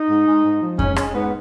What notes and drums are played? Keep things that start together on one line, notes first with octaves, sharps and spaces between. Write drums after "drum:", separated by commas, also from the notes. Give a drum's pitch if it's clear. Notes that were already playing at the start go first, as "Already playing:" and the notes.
Already playing: D#4
G#2
G#3
G#2
F3
G#2 C#4, drum: kick F2
G#3 C#4, drum: rim click
G#2 B3